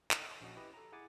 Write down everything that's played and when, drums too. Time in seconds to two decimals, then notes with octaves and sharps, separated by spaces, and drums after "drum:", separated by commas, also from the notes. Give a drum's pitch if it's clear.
0.11 D#6, drum: clap
0.41 A#1 C#4 F#4 D#5
0.56 E4 G4 B4 D#5
0.74 A4 A#5
0.92 E4 G#4 F#5 G#5 D6 A6